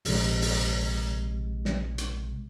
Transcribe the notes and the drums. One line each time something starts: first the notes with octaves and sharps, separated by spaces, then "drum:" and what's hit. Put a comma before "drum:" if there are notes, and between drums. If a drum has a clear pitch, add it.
A#1 C3 G#3, drum: open hi-hat
drum: open hi-hat
drum: snare
drum: hi-hat